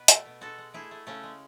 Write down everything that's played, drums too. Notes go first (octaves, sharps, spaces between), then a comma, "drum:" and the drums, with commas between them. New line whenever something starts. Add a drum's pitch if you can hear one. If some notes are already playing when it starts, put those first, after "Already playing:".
Already playing: B2 B4
A3, drum: hi-hat
B2
G#3 F#4 A4
G#3
A3 E4 G#4
A3
C#3 A3 C#4
G#3